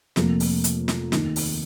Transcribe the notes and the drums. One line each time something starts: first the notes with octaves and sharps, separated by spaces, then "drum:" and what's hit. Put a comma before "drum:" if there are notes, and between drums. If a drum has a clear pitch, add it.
F1 F2 F3 A#3, drum: snare
drum: open hi-hat
drum: hi-hat
drum: snare
D#2 D#3 A#3 D#4, drum: snare
drum: open hi-hat